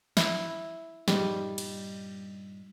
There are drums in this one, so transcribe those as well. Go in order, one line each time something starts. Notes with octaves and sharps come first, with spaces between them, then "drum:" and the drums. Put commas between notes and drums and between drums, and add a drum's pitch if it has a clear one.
E4, drum: snare
G2 A#2 G3 D#4, drum: snare
drum: cymbal